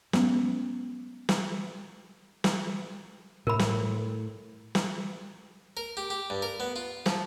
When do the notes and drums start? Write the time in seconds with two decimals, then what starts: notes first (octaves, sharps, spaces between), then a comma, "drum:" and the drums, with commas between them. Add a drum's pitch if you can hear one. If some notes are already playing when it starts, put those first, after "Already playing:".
0.13 F#3 G#3 B3 C#4, drum: snare
1.29 drum: snare
2.44 drum: snare
3.47 A2 A#4 B5
3.59 drum: snare
4.75 drum: snare
5.77 A#4
5.97 G4
6.10 G4
6.30 G2
6.42 A#4
6.60 B3
6.76 F4
7.06 F3, drum: snare